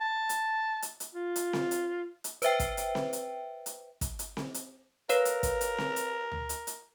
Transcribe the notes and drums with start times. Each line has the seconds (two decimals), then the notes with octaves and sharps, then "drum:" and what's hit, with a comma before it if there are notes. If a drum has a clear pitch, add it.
0.01 A5
0.29 drum: hi-hat
0.82 drum: hi-hat
1.00 drum: hi-hat
1.15 F4
1.36 drum: hi-hat
1.53 drum: snare C4
1.71 drum: hi-hat
2.24 drum: hi-hat
2.42 B4 C5 E5 G5, drum: hi-hat
2.60 drum: kick, hi-hat
2.77 drum: hi-hat
2.95 drum: snare C4
3.13 drum: hi-hat
3.66 drum: hi-hat
4.01 drum: kick, hi-hat
4.19 drum: hi-hat
4.37 drum: snare C4
4.54 drum: hi-hat
5.09 A#4 B4 C#5 F5, drum: hi-hat
5.25 drum: hi-hat
5.43 drum: kick, hi-hat
5.61 drum: hi-hat
5.78 drum: snare C4
5.96 drum: hi-hat
6.32 drum: tom D2
6.49 drum: hi-hat
6.67 drum: hi-hat